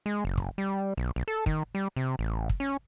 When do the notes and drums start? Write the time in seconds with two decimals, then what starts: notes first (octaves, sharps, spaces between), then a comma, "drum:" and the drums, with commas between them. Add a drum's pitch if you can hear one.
0.06 G#3
0.25 F#1
0.38 drum: kick
0.58 G3
0.97 B1
1.16 B1
1.28 A4
1.46 D#3, drum: kick
1.75 G3
1.96 C3
2.19 A1
2.49 drum: kick
2.60 C#4